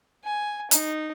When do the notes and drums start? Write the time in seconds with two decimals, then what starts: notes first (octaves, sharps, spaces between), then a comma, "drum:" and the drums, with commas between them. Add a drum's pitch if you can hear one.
0.24 G#5
0.71 D#4, drum: hi-hat